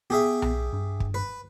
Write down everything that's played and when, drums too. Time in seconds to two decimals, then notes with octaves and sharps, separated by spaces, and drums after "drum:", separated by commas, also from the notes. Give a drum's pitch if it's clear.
0.10 B3 G4 G#4 E5
0.42 drum: tom B1
0.73 G2
1.00 drum: kick
1.14 B4